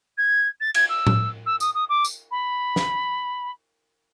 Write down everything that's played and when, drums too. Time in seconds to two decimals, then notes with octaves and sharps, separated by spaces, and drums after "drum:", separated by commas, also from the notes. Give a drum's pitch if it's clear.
0.17 G#6
0.60 A6
0.74 G#6, drum: cymbal
0.89 E6
1.07 drum: tom A2
1.45 E6
1.60 D#6, drum: tambourine
1.74 D#6
1.89 D6
2.05 drum: tambourine
2.31 B5
2.76 drum: snare